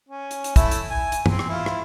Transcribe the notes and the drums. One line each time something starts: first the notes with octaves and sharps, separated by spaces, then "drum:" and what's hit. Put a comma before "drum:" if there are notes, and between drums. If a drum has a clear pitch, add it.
C#4
drum: hi-hat
drum: hi-hat
A3 E4, drum: kick, hi-hat
drum: hi-hat
G#5
drum: hi-hat
C4, drum: tom
drum: rim click
E4 F4
drum: rim click